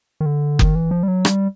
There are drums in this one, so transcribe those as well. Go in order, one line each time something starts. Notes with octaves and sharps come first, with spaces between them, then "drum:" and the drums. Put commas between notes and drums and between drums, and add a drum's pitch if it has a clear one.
D#3
D3
D#3, drum: kick F#1
E3
F3
G3
F#3
G3, drum: rim click